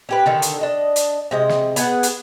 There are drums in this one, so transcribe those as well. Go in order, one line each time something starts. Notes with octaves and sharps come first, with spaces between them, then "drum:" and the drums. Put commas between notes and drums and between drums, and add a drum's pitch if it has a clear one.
C#4 G4 B4
D3 D#3 A4
drum: hi-hat
D4 D#5
drum: hi-hat
C3 G#3 D#5
drum: snare
B3 G#4 B4 F#5, drum: hi-hat
drum: hi-hat